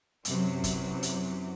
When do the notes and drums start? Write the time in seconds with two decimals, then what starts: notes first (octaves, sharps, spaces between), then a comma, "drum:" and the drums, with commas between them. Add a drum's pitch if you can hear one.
0.25 F#2 C3 E3 F#3, drum: hi-hat
0.64 drum: kick, hi-hat
1.03 drum: hi-hat